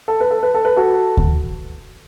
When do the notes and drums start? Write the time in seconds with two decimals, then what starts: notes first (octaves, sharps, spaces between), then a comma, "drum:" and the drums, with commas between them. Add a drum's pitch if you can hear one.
0.08 A4
0.20 B4
0.31 A4
0.43 B4
0.54 A4
0.65 B4
0.76 F#4 A4
1.17 drum: kick D2